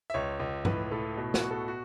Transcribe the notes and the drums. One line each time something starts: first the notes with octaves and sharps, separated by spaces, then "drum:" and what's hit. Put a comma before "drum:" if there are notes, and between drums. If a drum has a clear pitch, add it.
E5
C#2 C#5
C#2
A2 B4, drum: tom G2
A2 A4
B2
F#4, drum: snare
B2
A4
F#4